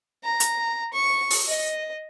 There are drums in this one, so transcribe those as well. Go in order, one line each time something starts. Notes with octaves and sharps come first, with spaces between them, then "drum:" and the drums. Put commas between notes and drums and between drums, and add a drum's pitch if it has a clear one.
A#5
drum: hi-hat
C#6
drum: open hi-hat
D#5